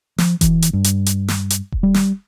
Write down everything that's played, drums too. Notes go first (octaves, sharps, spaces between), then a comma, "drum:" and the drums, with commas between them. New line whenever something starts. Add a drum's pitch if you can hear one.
F3, drum: snare
E3, drum: kick E1, hi-hat
drum: hi-hat
G2
drum: hi-hat
drum: hi-hat
drum: snare
drum: hi-hat
drum: kick E1
G3
drum: snare